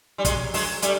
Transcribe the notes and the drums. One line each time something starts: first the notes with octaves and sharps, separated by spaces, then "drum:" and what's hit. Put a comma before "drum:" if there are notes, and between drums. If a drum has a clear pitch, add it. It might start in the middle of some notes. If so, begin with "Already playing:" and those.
G3
F#3 G#3, drum: kick, hi-hat
F#3 G#3, drum: open hi-hat
G3 A3, drum: hi-hat